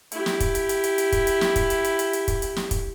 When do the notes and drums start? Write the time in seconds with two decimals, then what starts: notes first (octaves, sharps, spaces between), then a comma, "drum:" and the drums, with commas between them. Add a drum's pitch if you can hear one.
0.12 E4 G4, drum: hi-hat
0.26 drum: snare
0.40 drum: kick, hi-hat
0.55 drum: hi-hat
0.69 drum: hi-hat
0.84 drum: hi-hat
0.98 drum: hi-hat
1.12 drum: kick, hi-hat
1.27 drum: hi-hat
1.41 drum: snare
1.56 drum: kick, hi-hat
1.70 drum: hi-hat
1.84 drum: hi-hat
1.99 drum: hi-hat
2.13 drum: hi-hat
2.28 drum: kick, hi-hat
2.42 drum: hi-hat
2.56 drum: snare
2.71 drum: kick, hi-hat